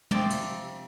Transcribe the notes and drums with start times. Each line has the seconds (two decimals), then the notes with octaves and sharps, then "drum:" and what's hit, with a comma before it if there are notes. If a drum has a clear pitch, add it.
0.11 C3 F3 C4 D5, drum: tom
0.30 drum: cymbal